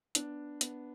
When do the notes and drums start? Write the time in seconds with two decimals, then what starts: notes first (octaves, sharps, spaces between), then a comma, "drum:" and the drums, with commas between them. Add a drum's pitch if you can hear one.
0.15 B3 D4, drum: hi-hat
0.61 B3, drum: hi-hat